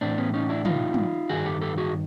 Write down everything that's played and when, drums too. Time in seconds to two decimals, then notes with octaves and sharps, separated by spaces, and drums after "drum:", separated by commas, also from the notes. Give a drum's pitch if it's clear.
0.01 A2 E3 C4 D4
0.18 B3 C#4
0.34 C#4 D#4
0.49 D4 E4
0.65 D#4 F4, drum: tom
0.94 drum: tom
1.29 G2 D#3 F#4 G#4
1.45 G4 A4
1.62 G4 A4
1.78 F#4 G#4